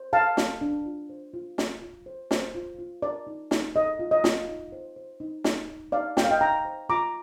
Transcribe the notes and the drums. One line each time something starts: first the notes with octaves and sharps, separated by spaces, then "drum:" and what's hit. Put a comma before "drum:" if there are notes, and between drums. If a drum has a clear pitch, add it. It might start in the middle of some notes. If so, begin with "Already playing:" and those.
Already playing: C5
A4 F5 A5
A4, drum: snare
D4
F4
C5
F4
F4, drum: snare
F4
C5
C5, drum: snare
F4
F4
A#4 D5
D#4
D#4, drum: snare
A4 D#5
F4
D#5
F4, drum: snare
D#4
C5
C5
D#4
D#4, drum: snare
D#4
D#4 D5 F5
A#4 G5, drum: snare
F5
D#5 G5
D#4 G5 A#5
C5
F4 A#5 D6